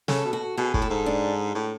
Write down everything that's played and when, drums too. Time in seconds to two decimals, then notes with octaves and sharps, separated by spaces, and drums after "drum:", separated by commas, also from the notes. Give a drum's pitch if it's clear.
0.08 C#3 A4, drum: snare
0.25 B2
0.33 F#4
0.57 B2 G#4
0.74 A2, drum: kick
0.82 A4
0.90 G#2
1.06 D4
1.55 A2